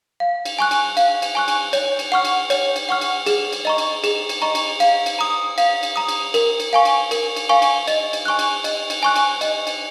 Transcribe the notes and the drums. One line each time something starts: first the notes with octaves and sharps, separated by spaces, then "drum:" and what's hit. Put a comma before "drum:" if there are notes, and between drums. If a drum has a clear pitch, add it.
F5
drum: cymbal
G#5 C#6 F#6
drum: cymbal
F5, drum: cymbal
drum: cymbal
G#5 C#6 F#6
drum: cymbal
C#5, drum: cymbal
drum: cymbal
F#5 C#6 F6
drum: cymbal
C#5, drum: cymbal
drum: cymbal
F#5 C#6 F6
drum: cymbal
G#4, drum: cymbal
drum: cymbal
D#5 A#5 C#6
drum: cymbal
G#4, drum: cymbal
drum: cymbal
D#5 A#5 C#6
drum: cymbal
F5, drum: cymbal
drum: cymbal
A#5 D#6
F5, drum: cymbal
drum: cymbal
A#5 D#6
drum: cymbal
A#4, drum: cymbal
drum: cymbal
F5 G#5 C#6
drum: cymbal
A#4, drum: cymbal
drum: cymbal
F5 G#5 C#6
drum: cymbal
D#5, drum: cymbal
drum: cymbal
G#5 C#6 F#6
drum: cymbal
D#5, drum: cymbal
drum: cymbal
G#5 C#6 F#6
drum: cymbal
D#5, drum: cymbal
drum: cymbal